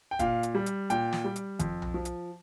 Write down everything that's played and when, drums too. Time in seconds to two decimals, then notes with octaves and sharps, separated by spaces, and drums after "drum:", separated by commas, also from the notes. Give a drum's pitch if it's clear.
0.11 G5
0.19 A#2 F5, drum: kick, hi-hat
0.43 drum: hi-hat
0.55 G3
0.66 drum: hi-hat
0.90 A#2 G5, drum: hi-hat
1.13 drum: snare
1.24 G3
1.36 drum: hi-hat
1.59 F2, drum: kick, hi-hat
1.82 drum: tom B1
1.94 F3
2.05 drum: hi-hat